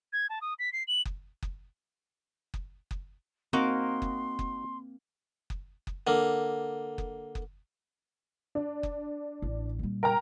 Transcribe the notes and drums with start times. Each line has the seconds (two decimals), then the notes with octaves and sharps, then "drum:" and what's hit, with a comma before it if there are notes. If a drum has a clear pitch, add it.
0.13 G#6
0.30 A5
0.41 D#6
0.59 B6
0.73 C7
0.88 F#7
1.05 drum: kick F#1
1.43 drum: kick F#1
2.54 drum: kick F#1
2.91 drum: kick F#1
3.53 A#3 C4 D#4 F#4 D#5 C6
4.02 drum: kick F#1
4.39 drum: kick F#1
5.50 drum: kick F#1
5.87 drum: kick F#1
6.07 D3 A#3
6.98 drum: kick F#1
7.35 drum: kick F#1
8.55 D4
8.83 drum: kick F#1
9.42 A1
9.79 A#2 G3
10.03 A#4 G5 A#5